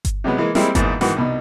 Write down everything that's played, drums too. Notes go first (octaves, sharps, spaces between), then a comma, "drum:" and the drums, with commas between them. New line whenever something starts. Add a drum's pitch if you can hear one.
drum: kick G1, hi-hat
C3 F#3 G#3 B3
E3 G#3 A#3
G3 G#3 A#3 C4 E4 A#4, drum: snare
A#1 E2 G#2, drum: kick G1, hi-hat
G#2 D#3 E3 B3 F#4, drum: snare
C2 B2 D#4